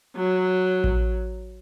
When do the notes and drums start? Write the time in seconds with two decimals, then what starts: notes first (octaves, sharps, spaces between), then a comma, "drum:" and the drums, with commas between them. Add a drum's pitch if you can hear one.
0.16 F#3
0.84 drum: kick A1